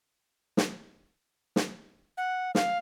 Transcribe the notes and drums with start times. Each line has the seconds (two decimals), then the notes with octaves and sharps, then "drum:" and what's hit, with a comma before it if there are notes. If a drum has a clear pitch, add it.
0.57 drum: snare
1.56 drum: snare
2.17 F#5
2.55 F5, drum: snare